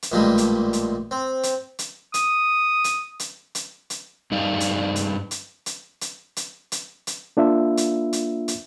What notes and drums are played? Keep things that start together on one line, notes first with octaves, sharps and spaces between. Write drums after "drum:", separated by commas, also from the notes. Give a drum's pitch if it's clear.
drum: hi-hat
A1 A#2 D3 G3 G#3
drum: hi-hat
drum: hi-hat
C4
drum: hi-hat
drum: hi-hat
D#6, drum: hi-hat
drum: hi-hat
drum: hi-hat
drum: hi-hat
drum: hi-hat
G2 G3 D#4 D5 F5
drum: hi-hat
drum: hi-hat
drum: hi-hat
drum: hi-hat
drum: hi-hat
drum: hi-hat
drum: hi-hat
drum: hi-hat
A#3 D4 F4 E5
drum: hi-hat
drum: hi-hat
drum: hi-hat